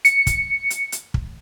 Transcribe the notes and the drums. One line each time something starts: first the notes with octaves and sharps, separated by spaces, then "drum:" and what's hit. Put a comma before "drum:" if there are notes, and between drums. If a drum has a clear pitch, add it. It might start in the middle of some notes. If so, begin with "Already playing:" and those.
C#7, drum: hi-hat
drum: kick, hi-hat
drum: hi-hat
drum: hi-hat
drum: kick